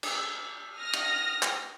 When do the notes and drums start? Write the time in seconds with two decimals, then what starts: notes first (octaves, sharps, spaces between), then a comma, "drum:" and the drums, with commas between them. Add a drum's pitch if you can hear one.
0.03 drum: cymbal
0.77 D#6 F6 A#6
0.93 drum: cymbal
1.42 drum: clap